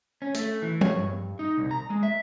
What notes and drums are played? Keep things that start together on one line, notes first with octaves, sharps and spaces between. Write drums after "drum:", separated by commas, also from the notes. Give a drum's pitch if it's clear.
C#4
A3, drum: hi-hat
E3
C#5, drum: tom
G2
D#4
C2
A#5
G#3
E5